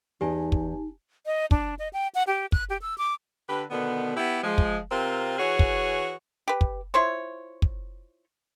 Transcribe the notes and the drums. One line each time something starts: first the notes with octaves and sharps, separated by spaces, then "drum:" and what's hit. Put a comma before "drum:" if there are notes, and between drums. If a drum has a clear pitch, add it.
E2 D#4 G4 D#5 G#5 A5
drum: kick
D#5
D4, drum: kick
D#5
G5
F#5
G4
F#6, drum: kick
G4
E6
D6
D3 G4 B4
B2 D3 D#3 B3
B3 E4 G4
F3 G#3
drum: kick
C3 C4 F4 A#4
E3 F#4 G#4 C#5
drum: kick
G4 B4
drum: kick
E4 F4 C5 C#5
drum: kick